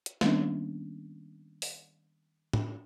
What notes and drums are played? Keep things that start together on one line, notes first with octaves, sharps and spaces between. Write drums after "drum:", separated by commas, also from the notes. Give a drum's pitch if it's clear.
drum: hi-hat
D#3 G3 A#3 B3 C#4 D4, drum: snare
drum: open hi-hat
drum: tom A2